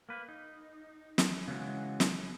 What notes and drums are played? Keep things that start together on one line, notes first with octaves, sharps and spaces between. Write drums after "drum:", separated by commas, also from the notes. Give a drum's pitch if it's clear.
A#3 B4
D#4
drum: snare
C#3 E3 G#3 F#4
drum: snare